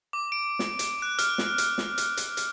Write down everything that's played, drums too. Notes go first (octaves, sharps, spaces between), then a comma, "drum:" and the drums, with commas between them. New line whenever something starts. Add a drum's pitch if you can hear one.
D6
D7
drum: snare
drum: hi-hat
F#6
F6, drum: hi-hat
drum: snare
drum: hi-hat
drum: snare
drum: hi-hat
drum: hi-hat
drum: hi-hat